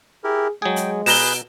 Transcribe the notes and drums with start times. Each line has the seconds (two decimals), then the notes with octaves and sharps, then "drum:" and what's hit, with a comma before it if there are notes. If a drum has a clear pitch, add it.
0.24 E4 G4 G#4 A#4
0.62 F#3 G#3 G#4 G5
0.76 drum: hi-hat
1.06 B2 G#4 B4 A#5 G6 E7 G7, drum: open hi-hat